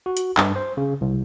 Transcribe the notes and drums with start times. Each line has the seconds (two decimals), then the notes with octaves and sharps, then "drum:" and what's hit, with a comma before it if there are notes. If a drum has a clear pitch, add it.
0.06 F#4
0.17 drum: hi-hat
0.37 G2, drum: clap
0.56 C5
0.77 C#3
1.01 C2